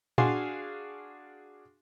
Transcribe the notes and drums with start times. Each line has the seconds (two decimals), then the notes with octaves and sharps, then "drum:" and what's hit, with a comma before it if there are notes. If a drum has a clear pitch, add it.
0.18 D4 F#4 G#4 F5 G#5 C6, drum: tom A#2